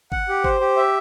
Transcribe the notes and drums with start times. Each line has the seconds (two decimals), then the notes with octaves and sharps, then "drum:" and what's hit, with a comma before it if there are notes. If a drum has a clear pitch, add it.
0.12 F#5, drum: kick G1
0.29 G4
0.44 C5, drum: kick G1
0.60 G4
0.77 E5